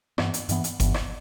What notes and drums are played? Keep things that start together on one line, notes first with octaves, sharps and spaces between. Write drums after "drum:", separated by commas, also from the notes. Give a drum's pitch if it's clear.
G2 E3 B3, drum: rim click
drum: hi-hat
G2 E3 B3, drum: hi-hat
drum: hi-hat
G2 E3 B3, drum: kick G1, hi-hat
drum: rim click